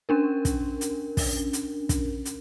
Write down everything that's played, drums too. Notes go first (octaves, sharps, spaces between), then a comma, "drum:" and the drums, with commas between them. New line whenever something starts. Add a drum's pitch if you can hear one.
C#4 D4 A#4
drum: kick, hi-hat
drum: hi-hat
drum: kick, open hi-hat
drum: hi-hat
drum: kick, hi-hat
drum: hi-hat